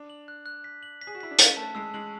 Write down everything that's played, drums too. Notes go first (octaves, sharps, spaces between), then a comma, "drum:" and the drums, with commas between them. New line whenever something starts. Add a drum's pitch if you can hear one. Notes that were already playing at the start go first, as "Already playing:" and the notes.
Already playing: D4
F#7
F#6
F#6
B6
F#7
B6
G#4
F#4
E4 B6
D4
C#4 B6, drum: hi-hat
A3 A5
G#3 E6
G#3 F#7